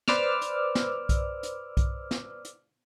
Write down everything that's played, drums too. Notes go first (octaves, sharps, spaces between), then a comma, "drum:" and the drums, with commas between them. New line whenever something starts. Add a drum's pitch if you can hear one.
B4 C5 D5 D6 E6 F6, drum: snare
drum: hi-hat
drum: snare
drum: kick B1, hi-hat
drum: hi-hat
drum: kick B1, hi-hat
drum: snare
drum: hi-hat